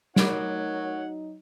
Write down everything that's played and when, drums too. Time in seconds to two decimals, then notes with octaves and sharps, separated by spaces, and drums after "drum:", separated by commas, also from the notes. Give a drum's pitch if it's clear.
0.16 F#3 A3 D#4 A#4 C#5 F#5 D7, drum: snare